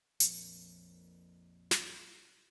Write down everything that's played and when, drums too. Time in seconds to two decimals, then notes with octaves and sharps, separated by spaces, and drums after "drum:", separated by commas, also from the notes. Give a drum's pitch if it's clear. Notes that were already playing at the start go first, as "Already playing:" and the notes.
0.20 A#1 F2 A#2, drum: hi-hat
1.71 drum: snare